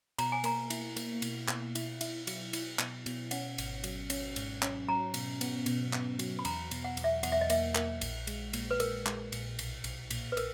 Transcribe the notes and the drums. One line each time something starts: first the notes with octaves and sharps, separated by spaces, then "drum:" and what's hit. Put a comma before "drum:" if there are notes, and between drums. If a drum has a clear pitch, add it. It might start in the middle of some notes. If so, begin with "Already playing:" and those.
B2 A#5, drum: cymbal
G#5
A#3 A#5, drum: cymbal
E4, drum: cymbal
A#3, drum: cymbal
B2, drum: cymbal
B2, drum: clap
E4, drum: cymbal
E4, drum: cymbal
F#3, drum: cymbal
E4, drum: cymbal
B2, drum: clap
B2, drum: cymbal
C#4 F#5, drum: cymbal
G#1, drum: cymbal
F#3, drum: cymbal
C#4, drum: cymbal
G#2, drum: cymbal
C#4, drum: clap
F#3 A#5
B2, drum: cymbal
B3, drum: cymbal
B2, drum: cymbal
B3, drum: clap
F#3, drum: cymbal
B5
E2 A#5, drum: cymbal
B2, drum: cymbal
F#5
E2, drum: cymbal
E5
E2 F#5, drum: cymbal
E5
D#5
A#3 E5, drum: cymbal
A#3, drum: clap
A#1, drum: cymbal
G#3, drum: cymbal
A#2, drum: cymbal
B4
A#1 A#4, drum: cymbal
G#3, drum: clap
A#1, drum: cymbal
B1, drum: cymbal
B1, drum: cymbal
A#2, drum: cymbal
B4
A#4, drum: cymbal